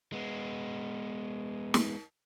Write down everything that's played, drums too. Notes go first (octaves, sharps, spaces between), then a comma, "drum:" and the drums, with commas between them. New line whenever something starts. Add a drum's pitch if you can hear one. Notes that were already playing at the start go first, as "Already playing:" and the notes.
G#3 B3
drum: snare